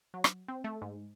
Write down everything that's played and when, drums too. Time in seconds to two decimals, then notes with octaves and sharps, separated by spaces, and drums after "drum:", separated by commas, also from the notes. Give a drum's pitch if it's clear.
0.14 F#3
0.24 drum: rim click
0.48 C4
0.64 A3
0.82 G#2